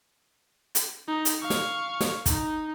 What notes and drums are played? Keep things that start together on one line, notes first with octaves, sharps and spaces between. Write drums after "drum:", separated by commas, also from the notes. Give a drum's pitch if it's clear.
drum: hi-hat
D#4
drum: hi-hat
F5 C#6
drum: snare
drum: snare
D#4, drum: kick, hi-hat